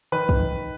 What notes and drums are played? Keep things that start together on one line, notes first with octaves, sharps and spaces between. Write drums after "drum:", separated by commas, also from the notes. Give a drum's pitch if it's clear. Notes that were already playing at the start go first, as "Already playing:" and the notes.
D#3 B4
drum: kick
D#3